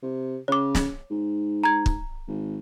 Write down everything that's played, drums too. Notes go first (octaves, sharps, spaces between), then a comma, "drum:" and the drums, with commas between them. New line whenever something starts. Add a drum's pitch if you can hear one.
C3
C#3 C#5 D6
drum: snare
G#2
A#5 G#6
drum: kick
G#1